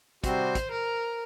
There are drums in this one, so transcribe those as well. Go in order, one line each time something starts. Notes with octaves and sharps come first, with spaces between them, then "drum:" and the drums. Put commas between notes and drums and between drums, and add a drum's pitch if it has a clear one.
C3 G3 C4 F#4 C5, drum: kick, hi-hat
drum: kick, hi-hat
A#4